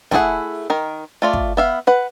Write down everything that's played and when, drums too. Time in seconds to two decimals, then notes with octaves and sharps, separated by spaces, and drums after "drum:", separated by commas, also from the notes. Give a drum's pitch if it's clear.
0.11 A3 C4 E4 G#4 F#5, drum: snare
0.70 D#3 A#4
1.22 A3 F4 D5
1.33 drum: kick
1.57 B3 E5 F5
1.87 B4 F#5